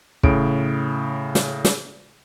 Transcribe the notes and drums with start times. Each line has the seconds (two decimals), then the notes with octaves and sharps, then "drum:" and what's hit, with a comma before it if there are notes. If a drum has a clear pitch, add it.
0.23 A2 C#3 D7, drum: kick
1.35 drum: snare
1.65 drum: snare